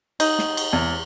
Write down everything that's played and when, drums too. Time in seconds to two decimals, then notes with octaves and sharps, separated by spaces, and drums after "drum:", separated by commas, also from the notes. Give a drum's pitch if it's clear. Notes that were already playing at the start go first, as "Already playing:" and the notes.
0.20 D#4, drum: cymbal
0.39 drum: snare
0.57 drum: cymbal
0.73 E2